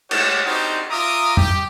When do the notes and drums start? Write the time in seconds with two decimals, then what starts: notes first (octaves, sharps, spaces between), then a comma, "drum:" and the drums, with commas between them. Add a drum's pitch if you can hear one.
0.11 G#3 A3 G4 C#5 F#5, drum: cymbal
0.45 C4 D4 D#4 F#4 G4 C5
0.90 F4 E5 A#5 D6 D#6
1.37 G4, drum: tom